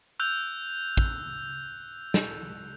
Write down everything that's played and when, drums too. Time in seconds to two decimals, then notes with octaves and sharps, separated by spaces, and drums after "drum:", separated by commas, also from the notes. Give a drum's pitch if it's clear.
0.20 E6 F#6 G6 F7
0.97 drum: kick
2.14 drum: snare